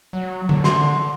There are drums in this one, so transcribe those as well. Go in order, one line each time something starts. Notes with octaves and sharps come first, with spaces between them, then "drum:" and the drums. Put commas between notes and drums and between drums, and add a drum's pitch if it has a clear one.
F#3
D3, drum: tom D3
C6, drum: snare